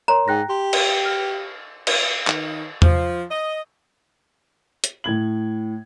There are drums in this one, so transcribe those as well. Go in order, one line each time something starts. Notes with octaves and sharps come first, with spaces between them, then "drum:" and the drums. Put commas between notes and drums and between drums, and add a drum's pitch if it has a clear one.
A#4 C#5 A#5 C6
G#2 G5 F#6 A#6
G4 C6
drum: cymbal
F6
drum: cymbal
D#3, drum: clap
F3, drum: tom E2
D#5
drum: hi-hat
A2 G#6 F#7